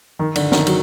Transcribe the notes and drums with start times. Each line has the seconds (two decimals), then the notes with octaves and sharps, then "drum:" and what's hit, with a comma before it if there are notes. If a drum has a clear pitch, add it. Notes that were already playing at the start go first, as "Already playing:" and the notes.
0.19 D#3
0.36 D3, drum: cymbal
0.52 D#3, drum: snare
0.67 F#3, drum: cymbal